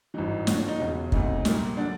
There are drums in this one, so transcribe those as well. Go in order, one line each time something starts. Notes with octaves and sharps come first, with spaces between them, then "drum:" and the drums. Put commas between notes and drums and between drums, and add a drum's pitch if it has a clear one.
G#1 G2 E3 D#4
D#2 D3 F3 C#4, drum: snare
D4
D#4
E1 E2 C#3
E1 D2 C3 D#4, drum: kick
A#1 A#2 G3 A#3, drum: snare
D3 F#3 D4